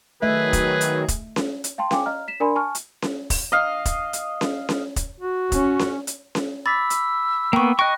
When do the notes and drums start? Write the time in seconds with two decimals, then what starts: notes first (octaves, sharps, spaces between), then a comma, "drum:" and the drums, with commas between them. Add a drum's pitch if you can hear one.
0.22 D#3 F#3 A3 G#4 B4 D#5 E5
0.53 drum: kick, hi-hat
0.81 drum: hi-hat
1.08 drum: kick, hi-hat
1.36 drum: snare C#4
1.64 drum: hi-hat
1.78 F5 G5 A5 C6
1.91 F5 G5 G#5 D6, drum: snare C#4
2.06 D#5 F5 A#5 F6
2.28 B6 E7
2.40 D4 A#4 D5 G#5 B5 C6
2.56 G#5 A5 C#6 F6
2.75 drum: hi-hat
3.02 drum: snare C#4
3.30 drum: kick, open hi-hat
3.52 D#5 F5
3.85 drum: kick, hi-hat
4.13 drum: hi-hat
4.41 drum: snare C#4
4.69 drum: snare C#4
4.96 drum: kick, hi-hat
5.20 F#4
5.52 C#4, drum: kick, hi-hat
5.79 drum: snare C#4
6.07 drum: hi-hat
6.35 drum: snare C#4
6.66 B5 D6 E6 A6 B6
6.90 drum: hi-hat
7.53 A#3 B3 G5 C#6
7.79 D#5 G5 C#6 F#6 A#6